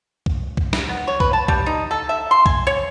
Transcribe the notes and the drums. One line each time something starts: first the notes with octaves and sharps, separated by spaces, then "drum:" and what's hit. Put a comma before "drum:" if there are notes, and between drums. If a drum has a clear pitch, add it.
drum: kick C2
drum: kick C2
drum: snare
B3
C#5
B4, drum: kick C2
A5
G3, drum: kick C2
D#4
A4
E5
C6
G#5, drum: kick C2
C#5